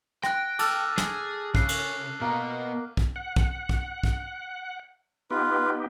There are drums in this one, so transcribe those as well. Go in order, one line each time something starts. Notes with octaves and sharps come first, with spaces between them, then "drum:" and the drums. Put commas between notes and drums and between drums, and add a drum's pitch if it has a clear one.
F#5 G5 F#6 A#6, drum: rim click
A4 A5 D6 F6, drum: cymbal
G#4, drum: snare
C#3 F#6 C7, drum: kick
drum: cymbal
B2 A#3 A#5
drum: kick
F#5
drum: kick
drum: kick
drum: kick
B3 D#4 F4 G4 B4